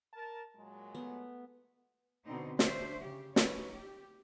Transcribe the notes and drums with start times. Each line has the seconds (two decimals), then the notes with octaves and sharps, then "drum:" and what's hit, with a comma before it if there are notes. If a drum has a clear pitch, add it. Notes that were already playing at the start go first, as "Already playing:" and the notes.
0.14 A#4 A5
0.56 A#2 F#3 G#3
0.95 A3 B3
2.25 B2 D3 C4 D#4
2.59 D4 C5 C#5 E5, drum: snare
3.03 C#3 G4
3.36 D#4 B4 C#5, drum: snare
3.73 G4